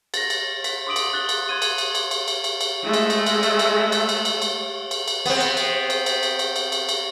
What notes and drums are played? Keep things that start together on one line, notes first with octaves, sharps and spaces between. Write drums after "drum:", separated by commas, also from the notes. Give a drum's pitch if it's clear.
A6 A#6, drum: cymbal
drum: cymbal
B6, drum: cymbal
C6 D6 D#6 D7 F#7
drum: cymbal
F#6 A6 G7
drum: cymbal
C6 G#6 D#7
drum: cymbal
drum: cymbal
drum: cymbal
drum: cymbal
drum: cymbal
drum: cymbal
drum: cymbal
G#3 A3
drum: cymbal
drum: cymbal
drum: cymbal
drum: cymbal
drum: cymbal
drum: cymbal
drum: cymbal
drum: cymbal
drum: cymbal
drum: cymbal
drum: cymbal
B3 C4, drum: cymbal
drum: cymbal
drum: cymbal
drum: cymbal
drum: cymbal
drum: cymbal
drum: cymbal
drum: cymbal
drum: cymbal
drum: cymbal